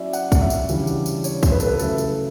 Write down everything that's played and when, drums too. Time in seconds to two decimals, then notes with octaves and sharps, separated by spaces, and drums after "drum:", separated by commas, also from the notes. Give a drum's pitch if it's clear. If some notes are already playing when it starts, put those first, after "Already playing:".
Already playing: F#3 C#4 E4 D5 E5
0.13 F#5, drum: tambourine
0.32 drum: kick, tambourine
0.41 E5
0.50 drum: tambourine
0.69 C#3 E3 G3 D4, drum: tambourine
0.87 drum: tambourine
1.06 drum: tambourine
1.24 C#5, drum: tambourine
1.43 drum: kick, tambourine
1.52 B4
1.60 A4, drum: tambourine
1.67 B4
1.79 C#3 F#3 A3 E4 A4, drum: tambourine
1.98 drum: tambourine